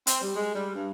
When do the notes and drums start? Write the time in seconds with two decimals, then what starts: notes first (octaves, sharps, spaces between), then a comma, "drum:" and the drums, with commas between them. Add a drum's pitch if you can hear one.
0.07 C4, drum: hi-hat
0.21 G3
0.36 G#3
0.54 G3
0.74 G2